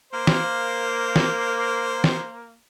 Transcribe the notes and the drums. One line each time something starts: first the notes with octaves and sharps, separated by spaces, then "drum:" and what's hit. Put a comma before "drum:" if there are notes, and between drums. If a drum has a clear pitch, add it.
A#3 C5
drum: snare
drum: snare
drum: snare